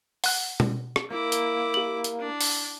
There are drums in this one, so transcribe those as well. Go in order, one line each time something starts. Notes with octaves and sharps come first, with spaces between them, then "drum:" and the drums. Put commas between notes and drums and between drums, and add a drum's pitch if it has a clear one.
F#5 F#6, drum: open hi-hat
drum: tom
drum: rim click
A#3 E4 D6
drum: hi-hat
G4 F#7
drum: hi-hat
D4
drum: open hi-hat